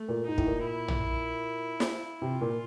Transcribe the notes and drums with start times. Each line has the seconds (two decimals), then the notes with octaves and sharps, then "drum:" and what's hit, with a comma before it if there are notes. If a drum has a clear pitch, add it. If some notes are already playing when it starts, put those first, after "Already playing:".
Already playing: A3
0.08 A#2
0.27 G#2 D#4
0.38 A2, drum: kick
0.47 A#2
0.66 E4
0.88 drum: tom
1.80 drum: snare
2.22 C3 F4
2.41 A#2